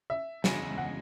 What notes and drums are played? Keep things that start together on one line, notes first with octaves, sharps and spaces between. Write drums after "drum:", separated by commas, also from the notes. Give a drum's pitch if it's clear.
E5
E2 C#3 G#3, drum: snare
F#5